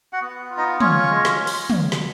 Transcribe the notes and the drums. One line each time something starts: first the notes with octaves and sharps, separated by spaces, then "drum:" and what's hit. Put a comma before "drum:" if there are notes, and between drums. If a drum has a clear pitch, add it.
F#4 F#5
B3
F4
D#4 D#5
C#4 F4 C#5, drum: tom
G#3
drum: snare
drum: open hi-hat
drum: tom
drum: snare